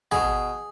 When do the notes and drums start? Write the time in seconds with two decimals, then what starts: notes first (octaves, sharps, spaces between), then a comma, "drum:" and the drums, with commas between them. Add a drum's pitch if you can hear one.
0.11 B2 G#4, drum: kick